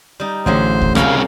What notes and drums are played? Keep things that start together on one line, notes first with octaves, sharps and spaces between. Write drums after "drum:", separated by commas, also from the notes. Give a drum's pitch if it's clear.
G3 D#4
A1 D3 F#3 G#4 C5
drum: kick D2
C2 C#3 G#3 A#3 G4 F5, drum: rim click